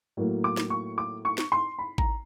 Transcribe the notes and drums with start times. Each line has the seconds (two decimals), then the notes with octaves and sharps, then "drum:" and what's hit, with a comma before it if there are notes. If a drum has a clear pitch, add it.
0.17 A2 F#3 A#3
0.44 D6
0.57 drum: snare
0.70 C#6
0.98 D6
1.25 C#6
1.38 drum: snare
1.52 C6
1.78 B5
1.98 A#5, drum: kick A1